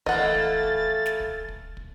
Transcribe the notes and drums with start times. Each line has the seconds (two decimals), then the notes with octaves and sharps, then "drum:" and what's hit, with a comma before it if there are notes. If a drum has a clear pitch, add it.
0.06 E3 A3 A#3 D#5 F#5 A6, drum: kick
0.35 drum: kick
0.63 drum: kick
1.06 drum: snare
1.20 drum: kick
1.48 drum: kick
1.77 drum: kick